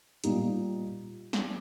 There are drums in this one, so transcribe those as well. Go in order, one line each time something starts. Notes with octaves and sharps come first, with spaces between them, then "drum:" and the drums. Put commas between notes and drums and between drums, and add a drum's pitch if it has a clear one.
A#2 G3 A#3 D#4 G4, drum: hi-hat
drum: snare